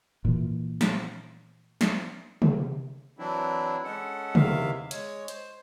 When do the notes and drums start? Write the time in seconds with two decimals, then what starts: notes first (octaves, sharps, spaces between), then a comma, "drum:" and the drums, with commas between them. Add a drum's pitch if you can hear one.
0.25 A#2 E3
0.81 drum: snare
1.81 drum: snare
2.42 drum: tom C3
3.19 E3 F#3 C4 D4 E4
3.84 G#3 C#4 A4 F#5
4.35 E2 C3 D#3 E5 F5, drum: tom C3
4.91 G#3 C#5, drum: hi-hat
5.28 C5, drum: hi-hat